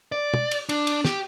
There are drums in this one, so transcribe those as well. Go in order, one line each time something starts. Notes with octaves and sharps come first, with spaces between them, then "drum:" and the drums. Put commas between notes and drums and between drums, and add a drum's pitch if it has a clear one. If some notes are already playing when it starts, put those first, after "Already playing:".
D5
drum: tom
drum: cymbal
D4, drum: cymbal
drum: cymbal
G4, drum: snare